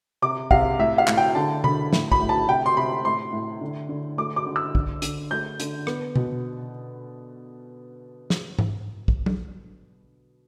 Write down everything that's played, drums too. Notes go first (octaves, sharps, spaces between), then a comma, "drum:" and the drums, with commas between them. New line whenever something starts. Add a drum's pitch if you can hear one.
C3 D6
C3 F5, drum: kick
A2 E5
F5
A2, drum: clap
G5
D3 A5
D3 B5, drum: tom C3
A2, drum: snare
B5, drum: kick
A2
A5
C3 G5
C6
C3 B5
A2 C6
A2
D3
D3
A3 D6
D6
D3
E6
D3, drum: kick
D3, drum: hi-hat
A3 G6
D3, drum: hi-hat
B3, drum: rim click
B2, drum: tom C3
drum: snare
drum: tom G#2
drum: kick
drum: tom